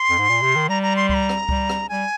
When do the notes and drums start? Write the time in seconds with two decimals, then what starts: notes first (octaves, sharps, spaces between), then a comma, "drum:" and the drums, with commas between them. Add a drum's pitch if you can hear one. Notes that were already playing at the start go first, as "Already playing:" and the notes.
Already playing: C6
0.10 F2
0.19 G#2
0.29 A#2
0.42 C3
0.56 D#3
0.69 G3 A#5
0.83 A#5
0.96 C6
1.09 C6, drum: kick C#2
1.14 A#5
1.29 drum: rim click
1.49 G3, drum: kick C#2
1.69 drum: rim click
1.89 G3 G#5